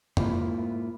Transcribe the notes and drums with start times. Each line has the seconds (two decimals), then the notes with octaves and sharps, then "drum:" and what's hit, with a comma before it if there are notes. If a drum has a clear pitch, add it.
0.17 G#2 A#3 E4 F4, drum: tom F2